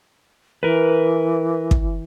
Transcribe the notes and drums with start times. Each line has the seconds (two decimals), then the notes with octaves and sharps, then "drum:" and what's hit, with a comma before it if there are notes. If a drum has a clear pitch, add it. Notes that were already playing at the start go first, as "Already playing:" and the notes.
0.63 E3 A#4 B4
1.71 drum: kick